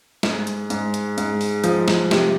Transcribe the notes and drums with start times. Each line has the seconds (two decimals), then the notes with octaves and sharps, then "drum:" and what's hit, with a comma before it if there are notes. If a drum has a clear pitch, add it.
0.23 G#2, drum: snare
0.47 drum: hi-hat
0.70 G#2, drum: hi-hat
0.94 drum: hi-hat
1.18 G#2, drum: hi-hat
1.41 drum: open hi-hat
1.64 F3, drum: hi-hat
1.88 drum: snare
2.11 C3, drum: snare